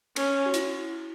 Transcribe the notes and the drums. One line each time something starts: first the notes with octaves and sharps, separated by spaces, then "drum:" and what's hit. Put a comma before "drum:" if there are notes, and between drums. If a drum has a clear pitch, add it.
C#4, drum: cymbal
F#4
E4, drum: hi-hat